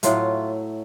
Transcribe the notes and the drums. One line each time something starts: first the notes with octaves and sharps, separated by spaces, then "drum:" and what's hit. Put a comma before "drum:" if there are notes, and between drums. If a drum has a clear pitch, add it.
A2 F#3 A3 F4, drum: hi-hat